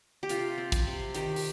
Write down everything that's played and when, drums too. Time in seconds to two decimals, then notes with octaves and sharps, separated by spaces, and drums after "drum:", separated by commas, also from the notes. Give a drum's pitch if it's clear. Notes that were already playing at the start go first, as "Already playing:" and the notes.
0.23 G4
0.29 C3 F4, drum: hi-hat
0.58 C4
0.72 drum: kick, hi-hat
0.87 C3
1.14 D#3 G4, drum: hi-hat
1.36 drum: open hi-hat